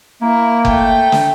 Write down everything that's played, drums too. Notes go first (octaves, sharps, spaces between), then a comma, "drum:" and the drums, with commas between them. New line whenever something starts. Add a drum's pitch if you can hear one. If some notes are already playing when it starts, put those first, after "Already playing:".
A#3 E4 A#4
A3 G5, drum: kick F#1
drum: snare